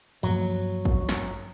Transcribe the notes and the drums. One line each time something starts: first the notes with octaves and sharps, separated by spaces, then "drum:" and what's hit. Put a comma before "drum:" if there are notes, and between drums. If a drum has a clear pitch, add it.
G2 F3 F#3 A#3, drum: cymbal
drum: kick A1
drum: snare